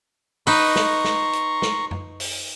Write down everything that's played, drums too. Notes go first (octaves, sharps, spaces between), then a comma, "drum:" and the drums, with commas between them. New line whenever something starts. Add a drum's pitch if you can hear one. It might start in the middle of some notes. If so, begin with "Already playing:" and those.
D#4 B4 A#5 C6 C#6, drum: open hi-hat
drum: snare
drum: snare
drum: hi-hat
drum: snare
drum: tom F#2
drum: open hi-hat